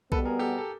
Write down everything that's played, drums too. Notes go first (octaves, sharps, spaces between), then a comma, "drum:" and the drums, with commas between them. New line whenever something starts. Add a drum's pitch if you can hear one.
B2 G3 B3 A4 B4, drum: kick B1
G#4 A#4
G4 A4
A4